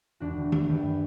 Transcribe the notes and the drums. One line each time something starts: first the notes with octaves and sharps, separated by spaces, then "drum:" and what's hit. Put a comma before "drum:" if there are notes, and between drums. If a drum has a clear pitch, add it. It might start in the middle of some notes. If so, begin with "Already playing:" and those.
E1 D4 F#4
D2
D2, drum: tom D#3
F#2 G4 B4